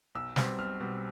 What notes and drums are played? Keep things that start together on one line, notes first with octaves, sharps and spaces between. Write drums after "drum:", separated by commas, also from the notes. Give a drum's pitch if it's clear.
B1 E6
B2 G3 C4, drum: snare
B1 F6
B2 G3 C4